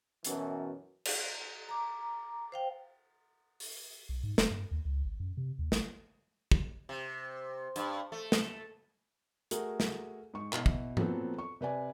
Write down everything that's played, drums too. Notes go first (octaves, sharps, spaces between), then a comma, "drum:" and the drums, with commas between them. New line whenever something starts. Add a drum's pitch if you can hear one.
F#2 B2 E3, drum: hi-hat
drum: cymbal
A#5 D6
C5 F5 G5
drum: open hi-hat
B1
G#2
F1, drum: snare
G2
D#2
C#2
G#1
F#2
C3
D#2
G#1, drum: snare
drum: kick
C3
G2, drum: hi-hat
A3
drum: snare
A3 F#4 G#4 A#4, drum: hi-hat
drum: snare
G#2 C#6
B2 E4, drum: clap
drum: kick
A#2 F3 F#3 B3 C4 A4, drum: tom G#2
C#6
C3 B4 D5 G#5